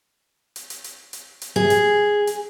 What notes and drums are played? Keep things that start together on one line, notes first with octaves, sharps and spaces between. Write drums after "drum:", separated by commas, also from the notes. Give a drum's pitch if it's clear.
drum: hi-hat
drum: hi-hat
drum: hi-hat
drum: hi-hat
drum: hi-hat
G#4
drum: hi-hat
drum: hi-hat